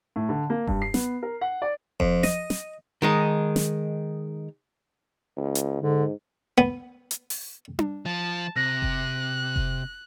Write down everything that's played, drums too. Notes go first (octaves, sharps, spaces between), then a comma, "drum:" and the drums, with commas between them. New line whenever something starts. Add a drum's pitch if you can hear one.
A2
D3
A#3
G2, drum: kick F1
C7
B3, drum: snare
A#4
F#5
D5
F2, drum: kick F1
D#5, drum: snare
drum: snare
D#3 G#3 D#4
drum: snare
C#2
drum: hi-hat
G#2 D3
B3
drum: hi-hat
drum: open hi-hat
drum: tom D4
F3 A5
C3 F#6 A#6
drum: kick F1
drum: kick F1